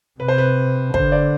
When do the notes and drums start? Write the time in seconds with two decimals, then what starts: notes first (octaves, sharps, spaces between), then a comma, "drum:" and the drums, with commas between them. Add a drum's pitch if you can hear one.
0.20 C3 B4
0.28 C5
0.38 B4
0.94 D3 C5, drum: kick
1.12 D5